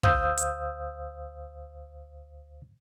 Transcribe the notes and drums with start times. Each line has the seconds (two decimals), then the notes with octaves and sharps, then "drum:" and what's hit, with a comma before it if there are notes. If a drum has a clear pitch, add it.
0.03 D2 C5 F5 D#6 E6 G6, drum: kick
0.37 drum: hi-hat